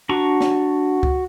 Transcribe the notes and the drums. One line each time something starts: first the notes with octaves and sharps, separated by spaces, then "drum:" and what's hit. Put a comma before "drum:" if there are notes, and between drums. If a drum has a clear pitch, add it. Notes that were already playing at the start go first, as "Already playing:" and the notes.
D4 F#4 A#5 C#6
drum: snare
drum: kick C#2